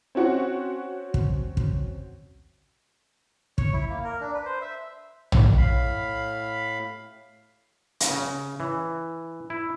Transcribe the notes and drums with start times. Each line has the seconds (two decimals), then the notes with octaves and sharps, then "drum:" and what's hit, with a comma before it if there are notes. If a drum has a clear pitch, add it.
0.15 C4 C#4 F#4 F#5
1.14 drum: kick
1.57 drum: kick
3.58 C#5, drum: kick
3.73 E4
3.90 A#3
4.04 A#4
4.21 D4
4.34 B4
4.45 C5
4.61 E5
5.32 drum: tom A#1
5.57 A2 F5 B5
8.00 drum: hi-hat
8.10 C#3
8.60 E3
9.50 E4